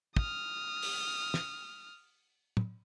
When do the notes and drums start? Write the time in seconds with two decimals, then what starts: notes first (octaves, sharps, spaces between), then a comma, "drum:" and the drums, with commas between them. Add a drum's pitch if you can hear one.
0.16 D#6 F6, drum: kick
0.82 drum: open hi-hat
1.34 drum: snare
2.57 drum: tom